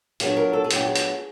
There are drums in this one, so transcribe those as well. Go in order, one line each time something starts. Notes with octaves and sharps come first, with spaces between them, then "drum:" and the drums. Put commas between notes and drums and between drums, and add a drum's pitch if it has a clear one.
A#2 F#3 B3 D4 G#4, drum: hi-hat
A#4
A4
G#4
A#2 F#3 B3 D4 G4, drum: hi-hat
G#4
drum: hi-hat